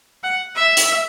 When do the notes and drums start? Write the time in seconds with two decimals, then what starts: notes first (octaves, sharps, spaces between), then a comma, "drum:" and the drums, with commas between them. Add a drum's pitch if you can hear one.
0.24 F#5
0.55 E5
0.77 drum: hi-hat